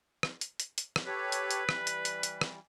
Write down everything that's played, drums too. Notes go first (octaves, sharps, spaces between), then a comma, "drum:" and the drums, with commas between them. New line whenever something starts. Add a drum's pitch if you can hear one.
drum: rim click
drum: hi-hat
drum: hi-hat
drum: hi-hat
drum: rim click
G4 A4 B4 C#5
drum: hi-hat
drum: hi-hat
E3 G3, drum: rim click
drum: hi-hat
drum: hi-hat
drum: hi-hat
drum: rim click